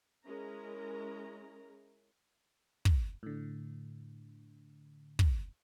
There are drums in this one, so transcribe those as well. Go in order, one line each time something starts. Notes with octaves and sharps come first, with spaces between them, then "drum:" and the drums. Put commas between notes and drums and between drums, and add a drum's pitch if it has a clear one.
G#3 C#4 E4 G#4 A#4 A#5
drum: kick
A2 D3
drum: kick